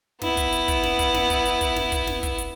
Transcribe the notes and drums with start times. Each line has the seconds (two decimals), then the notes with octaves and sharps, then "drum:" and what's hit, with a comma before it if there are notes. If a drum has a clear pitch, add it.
0.22 B3 E4, drum: snare
0.37 drum: kick, hi-hat
0.53 drum: hi-hat
0.68 drum: kick, hi-hat
0.84 drum: snare
0.99 drum: kick, hi-hat
1.14 drum: snare
1.30 drum: kick, hi-hat
1.45 drum: hi-hat
1.61 drum: kick, hi-hat
1.76 drum: snare
1.92 drum: kick, hi-hat
2.07 drum: snare
2.23 drum: kick, hi-hat
2.38 drum: hi-hat